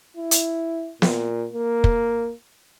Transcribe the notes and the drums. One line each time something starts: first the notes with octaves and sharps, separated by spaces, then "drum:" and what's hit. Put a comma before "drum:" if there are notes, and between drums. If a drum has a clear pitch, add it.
E4
drum: hi-hat
A#2, drum: snare
A#3
drum: kick